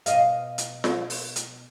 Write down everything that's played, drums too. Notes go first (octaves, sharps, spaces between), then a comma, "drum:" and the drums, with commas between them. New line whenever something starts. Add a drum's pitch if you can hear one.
B2 D#5 F5, drum: hi-hat
drum: hi-hat
drum: snare F4
drum: open hi-hat
drum: hi-hat